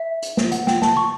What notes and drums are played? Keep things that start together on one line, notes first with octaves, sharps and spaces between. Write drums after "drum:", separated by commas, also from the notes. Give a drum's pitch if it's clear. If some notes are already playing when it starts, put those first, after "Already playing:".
Already playing: E5
drum: hi-hat
drum: snare
F#5, drum: hi-hat
G5, drum: snare
A5, drum: snare
C#6